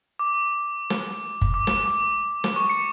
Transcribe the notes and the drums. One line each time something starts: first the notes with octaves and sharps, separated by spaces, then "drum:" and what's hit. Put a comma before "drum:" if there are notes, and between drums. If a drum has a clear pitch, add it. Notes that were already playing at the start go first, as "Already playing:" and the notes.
D6
drum: snare
drum: kick
D6
drum: snare
D6
drum: snare
C#6
C#7